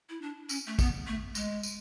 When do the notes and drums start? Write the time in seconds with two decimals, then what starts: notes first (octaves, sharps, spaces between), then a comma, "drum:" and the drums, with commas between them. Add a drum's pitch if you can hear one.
0.10 E4
0.22 D4
0.49 C#4, drum: tambourine
0.67 A3
0.79 B3, drum: kick, tambourine
1.07 A3
1.35 G#3, drum: tambourine
1.63 drum: tambourine